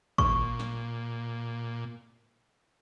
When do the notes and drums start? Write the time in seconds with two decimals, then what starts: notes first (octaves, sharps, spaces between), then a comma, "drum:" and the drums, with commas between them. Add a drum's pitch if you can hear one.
0.18 A#2 C#6, drum: kick
0.60 drum: snare